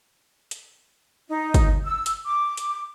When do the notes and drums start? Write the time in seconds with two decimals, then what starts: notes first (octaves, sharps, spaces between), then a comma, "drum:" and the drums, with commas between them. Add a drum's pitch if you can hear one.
0.51 drum: hi-hat
1.29 D#4
1.54 drum: kick, hi-hat
1.85 E6
2.06 drum: hi-hat
2.24 D6
2.57 drum: hi-hat